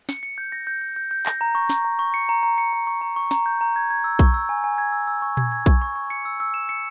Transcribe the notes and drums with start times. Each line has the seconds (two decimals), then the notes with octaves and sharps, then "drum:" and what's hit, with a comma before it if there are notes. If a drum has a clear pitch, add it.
0.09 C#7, drum: snare
0.23 C#7
0.38 G6
0.52 A#6
0.67 G6
0.82 G6
0.96 G6
1.11 G6
1.26 A#6, drum: clap
1.41 A#5
1.55 C#6
1.69 A#5, drum: snare
1.85 A#5
1.99 C#6
2.14 C#7
2.29 A#5
2.43 A#5
2.58 C#7
2.73 A#5
2.87 C#6
3.01 A#5
3.16 C#6
3.31 A#5, drum: snare
3.46 G6
3.61 A#5
3.76 G#6
3.90 G#6
4.04 E6
4.19 C#6, drum: kick B1
4.34 E6
4.49 G#5
4.64 G#5
4.78 G#6
4.92 E6
5.07 E6
5.22 C#6
5.37 G#6, drum: tom A#2
5.52 G#6
5.66 C#6, drum: kick B1
5.82 C#6
5.96 C#6
6.10 C#7
6.25 E6
6.40 E6
6.54 E7
6.69 C#7